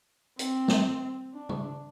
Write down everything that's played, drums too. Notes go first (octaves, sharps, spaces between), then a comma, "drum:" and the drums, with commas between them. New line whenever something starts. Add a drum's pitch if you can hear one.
C4, drum: hi-hat
drum: snare
D4
drum: tom C#3